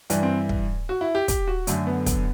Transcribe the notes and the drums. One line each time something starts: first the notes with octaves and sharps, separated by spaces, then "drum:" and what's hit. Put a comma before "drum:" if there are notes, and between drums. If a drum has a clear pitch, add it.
G2 E3 D4, drum: hi-hat
C4
drum: kick
F#4
E4
G4
G4, drum: kick, hi-hat
F#4
F#2 D3 A3, drum: hi-hat
B3
drum: kick, hi-hat